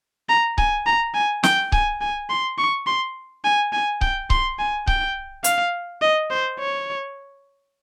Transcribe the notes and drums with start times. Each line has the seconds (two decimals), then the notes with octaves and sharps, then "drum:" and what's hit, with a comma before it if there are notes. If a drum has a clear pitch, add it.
0.29 A#5
0.58 G#5, drum: kick C#1
0.86 A#5
1.14 G#5
1.43 G5, drum: snare
1.72 G#5, drum: kick C#1
2.01 G#5
2.30 C6
2.58 C#6
2.87 C6
3.44 G#5
3.73 G#5
4.01 G5, drum: kick C#1
4.30 C6, drum: kick C#1
4.59 G#5
4.87 G5, drum: kick C#1
5.44 F5, drum: hi-hat
6.02 D#5
6.30 C5
6.59 C#5